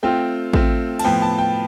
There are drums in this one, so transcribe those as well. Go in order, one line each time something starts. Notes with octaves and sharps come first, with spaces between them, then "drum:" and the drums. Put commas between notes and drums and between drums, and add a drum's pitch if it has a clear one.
A3 C4 F4 G5
A3 C4 F4, drum: kick
A5, drum: cymbal
A2 F3 B3 G5
A5
G5